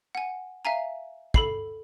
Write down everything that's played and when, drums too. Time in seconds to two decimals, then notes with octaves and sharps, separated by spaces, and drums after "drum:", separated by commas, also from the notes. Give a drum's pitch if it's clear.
0.15 F#5 G#5
0.65 E5 F5 G#5 A#5
1.34 A4 B5 C7, drum: kick